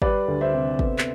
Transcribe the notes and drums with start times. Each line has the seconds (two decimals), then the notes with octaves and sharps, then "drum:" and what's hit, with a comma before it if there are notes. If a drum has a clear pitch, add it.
0.02 G3 B4 D5, drum: kick
0.28 D2
0.41 C5 E5
0.53 C3
0.79 B3, drum: kick
0.98 drum: clap